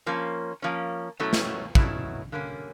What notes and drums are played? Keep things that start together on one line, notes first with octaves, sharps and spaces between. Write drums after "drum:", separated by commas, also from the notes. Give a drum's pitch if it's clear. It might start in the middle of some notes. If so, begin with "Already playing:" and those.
F3 A#3 C#4
F3 A#3 C#4
B2 F#3 A3 C#4 E4
drum: snare
B2 F#3 A3 C#4 E4, drum: kick
D3 G3 A#3 C#4